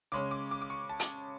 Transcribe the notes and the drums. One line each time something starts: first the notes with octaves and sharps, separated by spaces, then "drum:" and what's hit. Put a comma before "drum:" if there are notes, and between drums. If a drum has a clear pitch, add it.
C#3 G#3 C#4 D6
D6
D6
D6
C#6
A5
drum: hi-hat